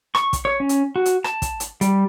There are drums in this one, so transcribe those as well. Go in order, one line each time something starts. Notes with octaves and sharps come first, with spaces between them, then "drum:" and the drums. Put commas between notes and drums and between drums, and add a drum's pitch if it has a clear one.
C#6, drum: rim click
drum: kick, hi-hat
C#5
C#4
drum: hi-hat
F#4
drum: hi-hat
A5, drum: rim click
drum: kick, hi-hat
drum: hi-hat
G3, drum: hi-hat